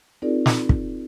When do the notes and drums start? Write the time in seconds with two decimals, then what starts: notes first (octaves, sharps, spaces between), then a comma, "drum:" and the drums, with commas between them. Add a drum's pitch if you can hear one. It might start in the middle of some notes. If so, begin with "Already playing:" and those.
0.22 C4 D#4 F4 G#4 A#4 D5
0.46 drum: snare
0.69 drum: kick